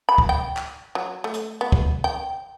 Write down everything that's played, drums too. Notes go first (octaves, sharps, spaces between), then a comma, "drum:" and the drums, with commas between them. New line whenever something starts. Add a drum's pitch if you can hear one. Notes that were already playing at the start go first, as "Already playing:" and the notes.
B5
drum: kick
G5
drum: clap
F#3
A3
drum: hi-hat
B3
drum: kick
G5